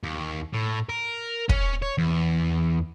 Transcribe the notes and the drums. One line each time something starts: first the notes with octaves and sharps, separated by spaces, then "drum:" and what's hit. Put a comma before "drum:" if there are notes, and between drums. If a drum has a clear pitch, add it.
D#2
A2
A#4
C#4, drum: kick
C#5
E2